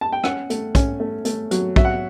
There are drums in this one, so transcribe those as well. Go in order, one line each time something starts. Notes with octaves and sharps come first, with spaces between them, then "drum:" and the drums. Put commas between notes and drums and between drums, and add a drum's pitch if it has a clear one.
A5
G5
C#4 F#5, drum: rim click
A3, drum: hi-hat
C#4, drum: kick, hi-hat
A3
A3, drum: hi-hat
F#3, drum: hi-hat
F#3 E5, drum: kick
F#5